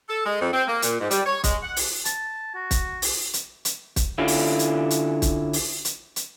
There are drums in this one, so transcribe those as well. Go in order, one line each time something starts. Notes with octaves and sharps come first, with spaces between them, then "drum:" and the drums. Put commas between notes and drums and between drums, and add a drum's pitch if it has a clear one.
A4
G#3
F2
C4
A#3
A#2, drum: hi-hat
G#2
G3, drum: hi-hat
C#5
G#3, drum: kick, hi-hat
F#5
drum: open hi-hat
A5, drum: hi-hat
F#4
drum: kick, hi-hat
drum: open hi-hat
drum: hi-hat
drum: hi-hat
drum: kick, hi-hat
D3 C#4 E4 F4
drum: open hi-hat
drum: hi-hat
drum: hi-hat
drum: kick, hi-hat
drum: open hi-hat
drum: hi-hat
drum: hi-hat